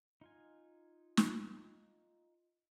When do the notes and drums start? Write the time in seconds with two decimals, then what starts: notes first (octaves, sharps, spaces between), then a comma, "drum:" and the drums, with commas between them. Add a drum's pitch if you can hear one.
0.21 D#4 F4 G#5
1.17 drum: snare